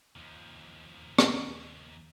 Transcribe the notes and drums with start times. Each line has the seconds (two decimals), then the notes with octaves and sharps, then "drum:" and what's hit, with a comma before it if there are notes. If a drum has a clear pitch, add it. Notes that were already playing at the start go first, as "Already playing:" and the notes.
0.16 D#2 F3
1.18 drum: rim click